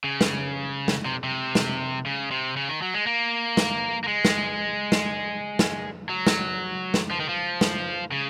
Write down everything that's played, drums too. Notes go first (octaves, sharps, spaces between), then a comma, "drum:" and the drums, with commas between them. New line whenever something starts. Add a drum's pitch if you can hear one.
C#3
drum: snare
drum: snare
C3
C3
drum: snare
C#3
C3
C#3
D#3
F#3
G#3
A#3
drum: snare
A#3
G#3
drum: snare
drum: snare
drum: snare
F#3
drum: snare
drum: snare
F3
D#3
F3
drum: snare
C#3